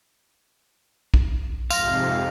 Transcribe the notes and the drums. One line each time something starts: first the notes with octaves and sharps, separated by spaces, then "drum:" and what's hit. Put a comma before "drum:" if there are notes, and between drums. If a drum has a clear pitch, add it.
drum: kick
F2 G#2 C3 F5 C6 F6 A#6, drum: tambourine